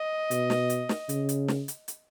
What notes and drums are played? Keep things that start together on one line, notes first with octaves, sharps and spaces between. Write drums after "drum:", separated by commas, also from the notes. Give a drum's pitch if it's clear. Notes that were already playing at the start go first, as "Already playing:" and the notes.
Already playing: D#5
B2, drum: hi-hat
drum: snare
drum: hi-hat
drum: snare
C#3, drum: hi-hat
drum: hi-hat
drum: snare
drum: hi-hat
drum: hi-hat